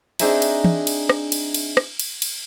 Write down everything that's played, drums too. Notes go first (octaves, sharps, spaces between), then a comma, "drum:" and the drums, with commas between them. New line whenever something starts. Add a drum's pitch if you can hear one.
C4 D4 D#4 G#4 E5 A#5, drum: cymbal
drum: cymbal
drum: tom
drum: cymbal
drum: rim click
drum: cymbal
drum: cymbal
drum: rim click
drum: cymbal
drum: cymbal